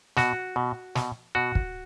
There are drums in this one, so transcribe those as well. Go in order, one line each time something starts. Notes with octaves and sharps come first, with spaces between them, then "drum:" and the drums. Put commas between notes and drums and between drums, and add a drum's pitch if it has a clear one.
B2 F#4, drum: snare
B2
B2, drum: snare
B2 F#4
drum: kick